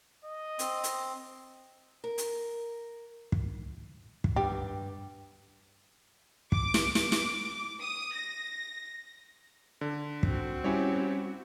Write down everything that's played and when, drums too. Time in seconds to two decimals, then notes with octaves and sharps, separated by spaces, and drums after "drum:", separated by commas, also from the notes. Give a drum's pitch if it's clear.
0.25 D#5
0.59 C4, drum: hi-hat
0.84 drum: hi-hat
2.04 A#4
2.18 drum: hi-hat
3.32 drum: kick
4.24 drum: kick
4.36 G2 G4
6.52 D6, drum: kick
6.74 drum: snare
6.95 drum: snare
7.12 drum: snare
7.83 D#6
8.16 A#6
9.81 D3
10.23 C4 F#4, drum: kick
10.64 G3 C#4 E4 G4 C#5